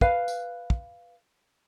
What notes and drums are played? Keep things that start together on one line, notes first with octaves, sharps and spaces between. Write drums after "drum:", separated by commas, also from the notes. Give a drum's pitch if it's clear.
B4 F5, drum: kick
drum: tambourine
drum: kick